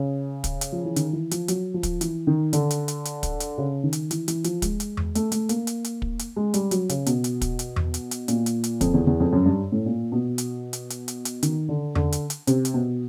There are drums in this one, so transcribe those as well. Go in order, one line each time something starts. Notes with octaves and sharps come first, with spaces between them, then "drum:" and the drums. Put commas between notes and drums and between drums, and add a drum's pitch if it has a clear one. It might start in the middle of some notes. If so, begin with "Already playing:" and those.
Already playing: C#3
drum: kick, hi-hat
drum: hi-hat
F3
E3
D#3, drum: hi-hat
E3
F3, drum: hi-hat
F#3, drum: hi-hat
F3
drum: kick, hi-hat
E3, drum: hi-hat
D#3
D3, drum: hi-hat
drum: hi-hat
drum: hi-hat
drum: hi-hat
drum: kick, hi-hat
drum: hi-hat
C#3
D#3
drum: hi-hat
E3, drum: hi-hat
E3, drum: hi-hat
F3, drum: hi-hat
G#3, drum: kick, hi-hat
drum: hi-hat
drum: tom E2
A3, drum: hi-hat
A3, drum: hi-hat
A#3, drum: hi-hat
drum: hi-hat
drum: hi-hat
drum: kick
drum: hi-hat
G#3
G3, drum: hi-hat
F#3, drum: hi-hat
C#3, drum: hi-hat
B2, drum: hi-hat
drum: hi-hat
drum: kick, hi-hat
drum: hi-hat
drum: tom E2
drum: hi-hat
drum: hi-hat
A#2, drum: hi-hat
drum: hi-hat
drum: hi-hat
F2, drum: kick, hi-hat
E2
E2
F2
F#2
G2
A2
A#2
B2
drum: hi-hat
drum: hi-hat
drum: hi-hat
drum: hi-hat
drum: hi-hat
D#3, drum: hi-hat
D3
D3, drum: tom E2
drum: hi-hat
drum: hi-hat
C3, drum: hi-hat
drum: hi-hat
B2